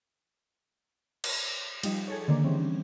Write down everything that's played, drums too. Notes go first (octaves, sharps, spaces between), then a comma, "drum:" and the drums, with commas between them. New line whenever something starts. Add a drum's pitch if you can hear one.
drum: cymbal
F3 G3 D#4, drum: cymbal
G#4 A4 C#5
D3 D#3 A#3 D4
E3 G3 C4 C#4